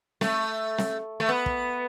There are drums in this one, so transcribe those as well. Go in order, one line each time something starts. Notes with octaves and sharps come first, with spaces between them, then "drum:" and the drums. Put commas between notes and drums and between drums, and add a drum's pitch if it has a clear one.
A3, drum: snare
drum: snare
A3
B3
drum: kick